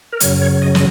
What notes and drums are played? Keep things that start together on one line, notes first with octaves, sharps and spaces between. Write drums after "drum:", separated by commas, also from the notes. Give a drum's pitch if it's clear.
A#4
F#2 C#3 F#3 C#5, drum: hi-hat
C#5
D#5
D#5, drum: snare